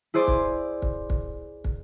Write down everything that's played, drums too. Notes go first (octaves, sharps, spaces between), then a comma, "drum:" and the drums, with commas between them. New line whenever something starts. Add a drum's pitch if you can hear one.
E4 G#4 C5 D5 C6 D6
drum: kick
drum: kick
drum: kick
drum: kick